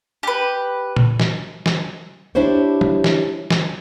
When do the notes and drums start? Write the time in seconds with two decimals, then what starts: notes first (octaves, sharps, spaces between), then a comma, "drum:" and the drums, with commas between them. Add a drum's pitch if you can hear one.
0.23 G4 B4
0.96 drum: tom A#2
1.20 drum: snare
1.66 drum: snare
2.35 D4 E4 G4 C5 C#5
2.81 drum: tom
3.04 drum: snare
3.50 drum: snare